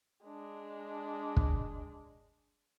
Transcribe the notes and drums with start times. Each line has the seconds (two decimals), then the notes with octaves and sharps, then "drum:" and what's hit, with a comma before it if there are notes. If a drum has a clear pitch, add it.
0.25 G#3 D4
1.37 drum: kick